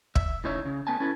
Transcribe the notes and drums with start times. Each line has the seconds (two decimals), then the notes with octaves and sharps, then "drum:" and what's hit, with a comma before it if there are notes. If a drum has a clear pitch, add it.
0.15 E5, drum: kick
0.44 A2 C#3 D#4 C#5 E5
0.65 C#3
0.87 A3 B3 G#5 A5
1.00 C#4 E4 A4 B4